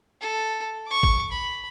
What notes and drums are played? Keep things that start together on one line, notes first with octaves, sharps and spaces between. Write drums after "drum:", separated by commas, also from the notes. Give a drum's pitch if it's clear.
A4
C#6 D6
drum: kick
B5